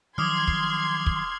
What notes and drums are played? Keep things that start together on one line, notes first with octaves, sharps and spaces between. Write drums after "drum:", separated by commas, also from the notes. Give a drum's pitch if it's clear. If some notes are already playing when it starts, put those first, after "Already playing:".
D#3 F3 F#3 C6 D6 D#6 F6 G#6
drum: kick
drum: kick